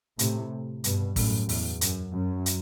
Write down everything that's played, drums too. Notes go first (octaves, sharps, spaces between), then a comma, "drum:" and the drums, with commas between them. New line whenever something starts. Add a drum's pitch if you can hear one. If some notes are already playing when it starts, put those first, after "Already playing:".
A2 C3, drum: hi-hat
G2 B2, drum: hi-hat
F#2 A2, drum: kick, open hi-hat
E2, drum: open hi-hat
F#2, drum: hi-hat
F#2
drum: hi-hat